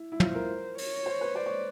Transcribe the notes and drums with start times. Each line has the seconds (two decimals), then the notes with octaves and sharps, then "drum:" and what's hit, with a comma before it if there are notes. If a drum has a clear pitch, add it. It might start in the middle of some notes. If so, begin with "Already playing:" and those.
Already playing: E4
0.12 E4
0.20 F4 C5, drum: tom
0.35 A#4
0.78 C#5, drum: open hi-hat
1.06 C5
1.21 B4
1.35 C5 D5
1.46 C#5